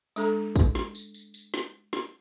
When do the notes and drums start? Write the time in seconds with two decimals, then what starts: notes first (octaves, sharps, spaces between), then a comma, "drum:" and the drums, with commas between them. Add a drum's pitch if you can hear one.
0.16 G#3 D4 A4 A#5, drum: tambourine
0.56 drum: kick, tambourine
0.75 drum: snare
0.95 drum: tambourine
1.14 drum: tambourine
1.34 drum: tambourine
1.54 drum: snare
1.93 drum: snare